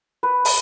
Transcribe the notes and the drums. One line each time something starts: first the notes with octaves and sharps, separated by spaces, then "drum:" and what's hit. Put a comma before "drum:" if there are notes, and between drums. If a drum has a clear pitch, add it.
B4
drum: open hi-hat